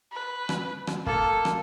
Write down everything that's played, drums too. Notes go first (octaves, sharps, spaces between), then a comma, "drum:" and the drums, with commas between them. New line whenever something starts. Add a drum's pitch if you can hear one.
B4
drum: rim click
drum: rim click
A#3 A4, drum: kick
drum: rim click